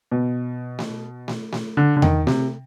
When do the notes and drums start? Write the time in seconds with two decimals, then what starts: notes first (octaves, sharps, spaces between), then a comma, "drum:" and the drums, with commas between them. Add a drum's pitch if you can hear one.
0.12 B2
0.79 drum: snare A3
1.28 drum: snare A3
1.52 drum: snare A3
1.77 D3
1.96 D3
2.02 D#3, drum: tom E2
2.27 C3, drum: snare A3